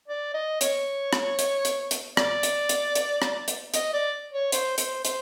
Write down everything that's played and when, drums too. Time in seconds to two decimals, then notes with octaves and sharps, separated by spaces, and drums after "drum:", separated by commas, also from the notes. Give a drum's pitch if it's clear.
0.08 D5
0.34 D#5
0.61 C#5, drum: hi-hat
1.13 drum: rim click
1.39 drum: hi-hat
1.65 drum: hi-hat
1.91 drum: hi-hat
2.17 D5, drum: rim click
2.43 drum: hi-hat
2.69 drum: hi-hat
2.95 drum: hi-hat
3.22 drum: rim click
3.48 drum: hi-hat
3.74 D#5, drum: hi-hat
3.94 D5
4.33 C#5
4.52 C5, drum: hi-hat
4.78 C5, drum: hi-hat
5.05 C5, drum: hi-hat